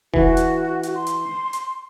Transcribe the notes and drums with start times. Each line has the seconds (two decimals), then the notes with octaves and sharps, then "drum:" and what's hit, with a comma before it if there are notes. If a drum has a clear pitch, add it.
0.14 E3 F#4, drum: kick E1
0.37 drum: hi-hat
0.83 drum: hi-hat
0.95 C6
1.07 drum: hi-hat
1.53 drum: hi-hat